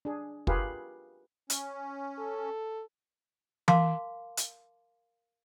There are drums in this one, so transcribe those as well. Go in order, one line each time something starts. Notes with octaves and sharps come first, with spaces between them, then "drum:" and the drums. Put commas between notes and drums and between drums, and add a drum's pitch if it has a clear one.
D4 G#4
F4 G4 G#4 A#4 B4 F5, drum: kick
C#4, drum: hi-hat
A4
A#4 F5 A5 C6 D6, drum: tom E3
drum: hi-hat